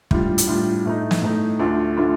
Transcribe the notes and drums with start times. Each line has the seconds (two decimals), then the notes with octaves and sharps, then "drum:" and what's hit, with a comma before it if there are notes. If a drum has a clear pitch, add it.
0.11 A2 G3 D4 F4, drum: kick
0.38 drum: hi-hat
0.47 A2 G3 D4 F4
0.86 A2 A3 D#4
1.11 drum: snare
1.22 A2 A3 D#4
1.59 D2 D3 A3 D4 F4
1.96 D3 A3 D4 F4